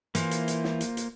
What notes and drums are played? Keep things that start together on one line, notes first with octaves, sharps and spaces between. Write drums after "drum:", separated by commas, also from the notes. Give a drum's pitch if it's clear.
E3 A#3 E4 F4 C5, drum: hi-hat
drum: hi-hat
drum: hi-hat
drum: snare
drum: hi-hat
drum: hi-hat